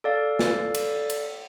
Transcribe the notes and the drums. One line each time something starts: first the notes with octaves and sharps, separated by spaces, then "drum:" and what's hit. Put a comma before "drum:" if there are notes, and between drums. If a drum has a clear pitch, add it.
A4 D5 F5
drum: snare
drum: cymbal
drum: cymbal